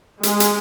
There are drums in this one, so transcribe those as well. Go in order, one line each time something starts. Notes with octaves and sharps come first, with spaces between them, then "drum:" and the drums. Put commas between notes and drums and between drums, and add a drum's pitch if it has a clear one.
G#3, drum: hi-hat
drum: hi-hat